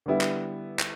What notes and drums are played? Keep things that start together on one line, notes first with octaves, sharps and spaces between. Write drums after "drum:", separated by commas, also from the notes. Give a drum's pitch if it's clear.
D3 G3 B3 E4
drum: clap
drum: clap